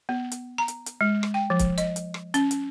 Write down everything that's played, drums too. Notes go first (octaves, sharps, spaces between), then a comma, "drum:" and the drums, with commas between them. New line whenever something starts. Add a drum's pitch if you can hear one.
B3
drum: hi-hat
A#5
drum: hi-hat
drum: hi-hat
G#3
drum: rim click
G5
F3
drum: kick, hi-hat
D#5, drum: hi-hat
drum: hi-hat
drum: rim click
C#4, drum: hi-hat
drum: hi-hat